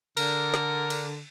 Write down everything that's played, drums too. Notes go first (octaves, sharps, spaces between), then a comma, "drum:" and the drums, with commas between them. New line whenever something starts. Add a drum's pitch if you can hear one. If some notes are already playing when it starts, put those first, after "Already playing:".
D3 A#4, drum: cymbal
drum: snare
drum: cymbal